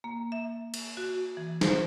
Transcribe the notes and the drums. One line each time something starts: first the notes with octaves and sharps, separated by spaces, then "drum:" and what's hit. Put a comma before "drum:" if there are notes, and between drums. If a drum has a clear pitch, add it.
A#3
E5
drum: cymbal
F#4
E3
C5, drum: snare